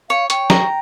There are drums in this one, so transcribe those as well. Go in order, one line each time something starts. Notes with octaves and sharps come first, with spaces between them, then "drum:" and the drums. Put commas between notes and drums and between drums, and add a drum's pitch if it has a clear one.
C#5 F5
C#5 G5, drum: hi-hat
A#5, drum: snare